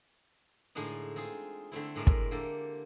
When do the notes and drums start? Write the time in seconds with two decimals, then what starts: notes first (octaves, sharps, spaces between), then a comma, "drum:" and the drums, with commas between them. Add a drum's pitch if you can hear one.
0.75 A2 D3 G#3 D4 D#4
1.16 C4 F4 G#4
1.72 D3 A3 C4 E4
1.96 A2 G#3 A#4 D5 E5
2.07 drum: kick
2.31 D3 A#3 G4 A4